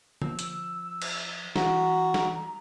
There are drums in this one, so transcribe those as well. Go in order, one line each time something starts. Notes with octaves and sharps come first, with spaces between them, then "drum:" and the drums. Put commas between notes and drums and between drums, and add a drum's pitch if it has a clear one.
F3 E6, drum: tom D3
drum: hi-hat
drum: cymbal
E3 F#4 A#5, drum: snare
drum: snare